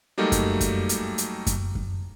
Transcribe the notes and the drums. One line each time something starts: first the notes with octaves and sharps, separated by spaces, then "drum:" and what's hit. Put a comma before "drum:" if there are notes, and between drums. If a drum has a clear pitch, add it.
F#3 G3 A3 A#3 D#4
drum: kick F#2, hi-hat
drum: kick F#2, hi-hat
drum: hi-hat
drum: hi-hat
drum: kick F#2, hi-hat
drum: kick F#2